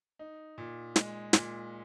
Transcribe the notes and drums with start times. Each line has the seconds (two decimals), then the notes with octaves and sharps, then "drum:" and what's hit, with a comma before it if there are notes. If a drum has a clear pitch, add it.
0.19 D#4
0.58 A#2
0.96 G#3, drum: snare
1.33 A#2, drum: snare